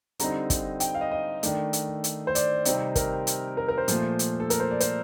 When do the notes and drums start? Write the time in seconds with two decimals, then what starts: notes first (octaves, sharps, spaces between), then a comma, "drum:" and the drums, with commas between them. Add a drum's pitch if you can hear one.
0.19 D3 G3 C4 D#4 A#5, drum: hi-hat
0.50 drum: kick, hi-hat
0.80 G5, drum: hi-hat
0.95 F5
1.01 D#5
1.11 D#5
1.43 D#3 A3 D4, drum: hi-hat
1.73 drum: hi-hat
2.04 drum: hi-hat
2.27 C5
2.35 D5, drum: hi-hat
2.65 C3 G3 C4 D#4, drum: hi-hat
2.95 A#4, drum: kick, hi-hat
3.27 drum: hi-hat
3.57 A#4
3.68 A#4
3.78 C5
3.88 A#2 F3 A3, drum: hi-hat
4.19 drum: hi-hat
4.40 A4
4.50 A#4, drum: hi-hat
4.60 C5
4.71 D5
4.80 C5, drum: hi-hat